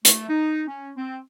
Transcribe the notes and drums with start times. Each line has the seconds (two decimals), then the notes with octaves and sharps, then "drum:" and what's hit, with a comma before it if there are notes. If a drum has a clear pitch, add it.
0.05 A3, drum: hi-hat
0.28 D#4
0.66 C#4
0.96 C4